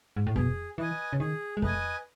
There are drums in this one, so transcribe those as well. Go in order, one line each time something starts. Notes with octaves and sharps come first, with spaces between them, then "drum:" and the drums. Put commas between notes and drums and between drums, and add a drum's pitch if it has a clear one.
G#2
A2
B2 G#4, drum: kick F2
E3 B4 D#5 G#5
C#3
D#3 G#4
G#3
A3 B4 D#5 G#5, drum: kick F2